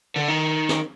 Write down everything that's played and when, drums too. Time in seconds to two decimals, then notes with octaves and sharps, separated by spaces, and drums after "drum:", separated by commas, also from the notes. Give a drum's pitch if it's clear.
0.16 D3
0.28 D#3
0.69 drum: snare